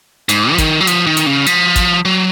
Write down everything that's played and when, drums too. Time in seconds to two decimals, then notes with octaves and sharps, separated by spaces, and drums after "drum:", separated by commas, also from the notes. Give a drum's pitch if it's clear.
0.29 G#2, drum: hi-hat
0.52 F3
0.58 D#3, drum: kick, hi-hat
0.81 F#3
0.87 F3, drum: hi-hat
1.07 D#3
1.17 drum: hi-hat
1.26 C#3
1.46 F3, drum: hi-hat
1.76 drum: kick, hi-hat
2.05 F#3